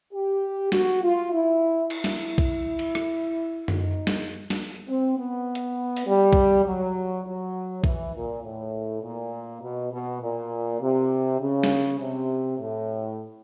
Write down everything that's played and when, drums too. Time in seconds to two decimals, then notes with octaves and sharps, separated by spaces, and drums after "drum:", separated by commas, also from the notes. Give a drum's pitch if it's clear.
0.13 G4
0.72 F#4, drum: snare
1.02 F4
1.31 E4
1.90 E4, drum: cymbal
2.04 drum: snare
2.38 drum: kick B1
2.79 drum: cymbal
2.95 drum: rim click
3.68 D#4, drum: tom F#2
4.07 drum: snare
4.50 drum: snare
4.87 C4
5.17 B3
5.55 drum: hi-hat
5.97 drum: open hi-hat
6.06 G3
6.33 drum: kick B1
6.65 F#3
7.25 F#3
7.84 E3, drum: kick B1
8.13 A#2
8.43 A2
9.02 A#2
9.61 B2
9.91 B2
10.21 A#2
10.80 C3
11.39 C#3
11.64 drum: snare
11.98 C3
12.58 A2